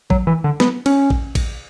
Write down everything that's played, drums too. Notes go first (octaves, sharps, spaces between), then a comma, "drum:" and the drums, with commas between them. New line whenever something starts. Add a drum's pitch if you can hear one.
F#3, drum: kick A1
E3
D3
B3, drum: snare
C#4, drum: cymbal
drum: kick A1
drum: kick A1, cymbal